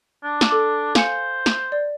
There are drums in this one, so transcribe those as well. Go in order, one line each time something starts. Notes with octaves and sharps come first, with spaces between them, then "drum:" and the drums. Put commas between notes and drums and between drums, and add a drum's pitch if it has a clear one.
D4
drum: snare
A4 D6
C5 F5 G#5 C#7, drum: snare
drum: snare
D5